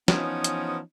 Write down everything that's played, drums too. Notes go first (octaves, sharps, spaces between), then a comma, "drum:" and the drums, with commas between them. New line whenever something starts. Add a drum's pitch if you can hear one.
E3 F3 B3 C#4 D#4, drum: snare
drum: hi-hat